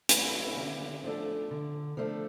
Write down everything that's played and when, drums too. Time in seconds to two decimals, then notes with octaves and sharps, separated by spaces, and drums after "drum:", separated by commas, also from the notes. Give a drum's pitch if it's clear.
0.09 A3 E4 B4, drum: hi-hat
0.57 D3
1.04 F3 A3 D4 A4
1.51 D3
1.97 F3 A3 D4 A4